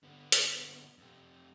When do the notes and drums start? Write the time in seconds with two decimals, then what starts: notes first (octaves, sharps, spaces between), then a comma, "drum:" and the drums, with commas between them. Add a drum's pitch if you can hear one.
0.03 D3 B3
0.32 drum: hi-hat
0.98 F2 C3